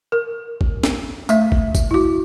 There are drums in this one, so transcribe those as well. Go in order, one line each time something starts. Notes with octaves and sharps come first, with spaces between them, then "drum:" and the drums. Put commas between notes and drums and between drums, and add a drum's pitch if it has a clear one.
A#4
drum: kick
drum: snare
A3 E5, drum: tambourine
drum: kick
drum: kick, tambourine
E4 F#4